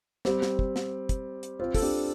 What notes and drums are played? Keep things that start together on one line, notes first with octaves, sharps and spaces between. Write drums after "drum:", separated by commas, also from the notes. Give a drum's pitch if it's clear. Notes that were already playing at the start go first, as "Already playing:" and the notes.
G3 C4, drum: snare
drum: snare
drum: kick
drum: snare
drum: kick, hi-hat
drum: hi-hat
C4 F4
A4, drum: kick, open hi-hat
D4 G4